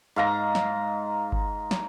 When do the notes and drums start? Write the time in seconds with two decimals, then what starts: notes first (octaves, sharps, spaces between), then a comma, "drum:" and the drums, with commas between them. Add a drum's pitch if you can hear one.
0.16 G#2 F5 A#5
0.55 drum: snare
1.32 drum: kick G1
1.71 drum: snare